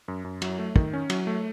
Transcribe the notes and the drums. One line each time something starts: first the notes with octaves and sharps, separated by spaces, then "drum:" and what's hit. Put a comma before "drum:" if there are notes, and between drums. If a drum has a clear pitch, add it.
F#2
F#2
F#3, drum: cymbal
A3
D#3, drum: kick
C#4
F#3, drum: cymbal
A3